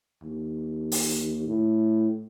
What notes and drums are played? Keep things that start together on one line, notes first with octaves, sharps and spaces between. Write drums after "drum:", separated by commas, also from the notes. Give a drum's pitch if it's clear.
D#2
drum: open hi-hat
A2